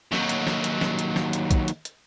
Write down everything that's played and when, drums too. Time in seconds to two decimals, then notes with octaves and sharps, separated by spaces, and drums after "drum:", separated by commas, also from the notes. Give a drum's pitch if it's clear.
0.12 D#2 F#3, drum: snare
0.29 drum: hi-hat
0.47 drum: snare
0.64 drum: hi-hat
0.81 drum: snare
0.99 drum: hi-hat
1.16 drum: snare
1.33 drum: hi-hat
1.51 drum: kick A#1, hi-hat
1.68 drum: hi-hat
1.85 drum: hi-hat